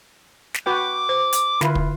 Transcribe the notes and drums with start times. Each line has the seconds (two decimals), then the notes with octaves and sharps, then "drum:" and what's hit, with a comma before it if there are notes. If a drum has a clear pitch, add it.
0.54 drum: snare
0.66 F#4 B4 G5 D6
1.09 C5
1.32 drum: hi-hat
1.61 D3 E4 F4 B4 B5, drum: snare
1.75 drum: kick